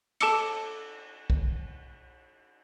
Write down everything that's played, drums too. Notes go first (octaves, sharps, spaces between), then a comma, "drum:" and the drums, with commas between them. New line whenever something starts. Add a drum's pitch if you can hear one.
A4 A5 D6 E6 C#7, drum: cymbal
drum: kick B1